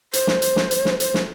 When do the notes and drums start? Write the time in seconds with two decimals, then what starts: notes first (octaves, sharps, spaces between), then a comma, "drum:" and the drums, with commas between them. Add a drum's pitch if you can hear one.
0.13 C5, drum: hi-hat
0.27 drum: snare
0.42 drum: hi-hat
0.56 drum: snare
0.71 drum: hi-hat
0.85 drum: snare
1.00 C5, drum: hi-hat
1.14 drum: snare